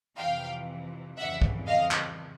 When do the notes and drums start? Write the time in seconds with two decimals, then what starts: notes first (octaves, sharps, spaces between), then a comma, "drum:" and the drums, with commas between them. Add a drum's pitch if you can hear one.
0.17 F2 C3 E3 F5 G5
1.17 F2 C#3 E3 G3 E5 F#5
1.42 drum: kick
1.66 D#5 F5
1.91 drum: clap